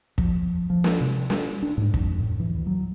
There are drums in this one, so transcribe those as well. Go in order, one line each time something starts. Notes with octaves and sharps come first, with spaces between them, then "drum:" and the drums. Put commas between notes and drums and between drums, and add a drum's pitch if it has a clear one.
F3, drum: kick
F3
drum: snare
C3
G3, drum: snare
D4
G#2
F2, drum: kick
A2
E3
D2
F#3